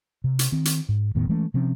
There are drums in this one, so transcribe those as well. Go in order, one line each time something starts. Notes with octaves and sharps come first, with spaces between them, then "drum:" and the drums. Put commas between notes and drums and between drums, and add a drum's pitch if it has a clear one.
C3
drum: hi-hat
D#3 C4
drum: hi-hat
G#2
E1 A2 D#3 B3
E3 G#3 A3 C#4
C3 F3 C4 C#4